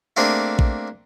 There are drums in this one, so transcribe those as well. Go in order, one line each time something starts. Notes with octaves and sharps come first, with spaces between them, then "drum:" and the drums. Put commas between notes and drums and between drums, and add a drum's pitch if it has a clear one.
A3 A#3 C4 D4 G#4
drum: kick